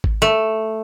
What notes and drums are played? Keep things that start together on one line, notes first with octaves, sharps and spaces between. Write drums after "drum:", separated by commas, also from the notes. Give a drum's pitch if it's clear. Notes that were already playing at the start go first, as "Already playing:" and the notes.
drum: kick G#1
A3